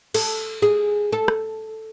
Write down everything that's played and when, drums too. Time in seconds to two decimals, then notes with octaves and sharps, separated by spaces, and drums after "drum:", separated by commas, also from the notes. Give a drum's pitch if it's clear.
0.14 A4, drum: cymbal
0.62 G#4
1.12 A4
1.28 drum: rim click